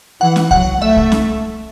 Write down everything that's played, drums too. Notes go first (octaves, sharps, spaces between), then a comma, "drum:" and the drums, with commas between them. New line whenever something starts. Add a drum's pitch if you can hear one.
E3 F#5
drum: snare C#4
F#3 F#5, drum: kick C2
A3 E5
drum: kick C2
drum: snare C#4